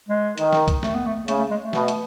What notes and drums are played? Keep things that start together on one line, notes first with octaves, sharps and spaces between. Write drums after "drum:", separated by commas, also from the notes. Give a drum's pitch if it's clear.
G#3
D#3, drum: hi-hat
drum: snare
drum: kick C2, hi-hat
A3, drum: snare
B3
A3
C#3 A3, drum: hi-hat
A3
G#3
A3
B2, drum: snare
drum: hi-hat